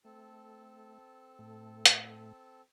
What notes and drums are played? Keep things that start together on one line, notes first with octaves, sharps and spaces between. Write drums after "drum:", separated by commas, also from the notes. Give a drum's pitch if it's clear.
A3 C4 A4 A5
A2 A3
drum: hi-hat